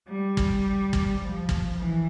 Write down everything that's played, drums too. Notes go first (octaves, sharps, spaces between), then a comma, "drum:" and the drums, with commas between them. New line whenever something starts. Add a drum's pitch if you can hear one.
G3
drum: kick
drum: kick
F3
drum: kick
E3